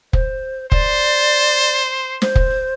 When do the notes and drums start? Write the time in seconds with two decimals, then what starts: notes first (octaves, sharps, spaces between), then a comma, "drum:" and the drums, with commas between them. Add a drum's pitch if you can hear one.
0.13 C5, drum: kick
0.72 C5 D5, drum: kick
2.22 C5, drum: snare
2.36 drum: kick